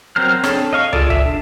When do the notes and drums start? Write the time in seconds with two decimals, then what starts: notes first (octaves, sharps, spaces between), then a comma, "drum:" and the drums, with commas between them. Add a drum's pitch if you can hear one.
0.16 F#3 C4 A#4 C5 F6
0.44 C4 D4 G#4 A4 C#5, drum: rim click
0.73 D#5 F5 C#6
0.93 F4 G#4 A4 D5, drum: tom C#2
1.10 E5, drum: kick
1.26 D4